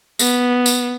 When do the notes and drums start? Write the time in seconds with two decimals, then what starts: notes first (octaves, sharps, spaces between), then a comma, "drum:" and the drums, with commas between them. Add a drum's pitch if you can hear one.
0.19 B3, drum: tambourine
0.66 drum: tambourine